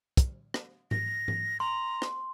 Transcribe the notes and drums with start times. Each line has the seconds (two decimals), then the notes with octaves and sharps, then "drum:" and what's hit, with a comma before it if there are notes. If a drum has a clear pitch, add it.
0.17 drum: kick, hi-hat
0.54 drum: rim click
0.91 A#6, drum: tom G#2
1.28 drum: tom G#2
1.60 A#5 C6
2.02 drum: rim click